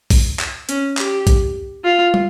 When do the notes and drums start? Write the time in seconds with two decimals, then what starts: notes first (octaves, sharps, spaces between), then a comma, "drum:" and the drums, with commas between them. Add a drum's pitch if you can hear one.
0.10 drum: kick, open hi-hat
0.40 drum: clap
0.69 C#4, drum: hi-hat
0.97 G4, drum: clap
1.27 drum: kick, hi-hat
1.84 F4
2.14 drum: tom